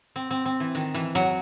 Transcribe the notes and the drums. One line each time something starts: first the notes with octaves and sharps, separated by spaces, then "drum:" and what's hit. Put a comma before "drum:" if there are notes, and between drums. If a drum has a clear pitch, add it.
C4
C4
C4
E3
D#3, drum: hi-hat
E3, drum: hi-hat
F#3, drum: rim click